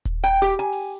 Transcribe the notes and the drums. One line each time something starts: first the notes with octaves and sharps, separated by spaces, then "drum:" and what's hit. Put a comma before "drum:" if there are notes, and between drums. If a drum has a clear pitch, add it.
drum: kick D#1, hi-hat
G5
G4
G#5, drum: hi-hat
drum: open hi-hat